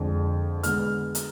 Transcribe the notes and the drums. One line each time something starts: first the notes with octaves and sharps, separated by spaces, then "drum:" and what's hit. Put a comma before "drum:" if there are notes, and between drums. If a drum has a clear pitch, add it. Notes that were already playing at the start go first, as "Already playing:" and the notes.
Already playing: F2 D3 G#3
D3 G#3 B3 F6, drum: hi-hat
drum: hi-hat